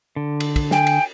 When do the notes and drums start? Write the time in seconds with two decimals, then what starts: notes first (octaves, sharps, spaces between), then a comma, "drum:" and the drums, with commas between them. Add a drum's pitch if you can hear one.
0.16 D3
0.40 drum: cymbal
0.56 drum: kick, cymbal
0.71 G5 G#5, drum: snare
0.87 drum: cymbal